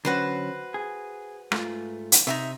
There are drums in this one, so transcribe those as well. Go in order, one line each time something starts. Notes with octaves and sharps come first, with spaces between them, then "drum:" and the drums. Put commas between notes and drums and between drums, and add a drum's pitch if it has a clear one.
D3 F#3 C#4 F#4 B4 C5
G#4
G#2 A3 F4, drum: rim click
drum: hi-hat
C3 D#4 E4 E5